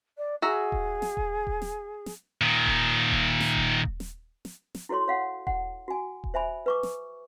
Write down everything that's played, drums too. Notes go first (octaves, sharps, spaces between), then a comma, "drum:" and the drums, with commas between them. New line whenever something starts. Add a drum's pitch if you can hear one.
D5
F#4 G#4 E5 A#5
drum: kick D#1
drum: snare
drum: kick D#1
drum: kick D#1
drum: snare
drum: snare
A#2 D#3
drum: kick D#1
drum: kick D#1
drum: snare
drum: kick D#1
drum: kick D#1
drum: snare
drum: snare
drum: snare
E4 F#4 A4 C#5 C6
C#5 F5 F#5
F#5, drum: kick D#1
F#4 G#5
drum: kick D#1
C5 E5 G#5 B5
B4 C#6 D6
drum: snare